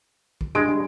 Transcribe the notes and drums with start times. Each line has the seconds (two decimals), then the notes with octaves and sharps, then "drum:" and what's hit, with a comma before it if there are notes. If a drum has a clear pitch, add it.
0.41 drum: kick
0.55 G2 G#3 G#4 D7, drum: tom C3
0.68 G2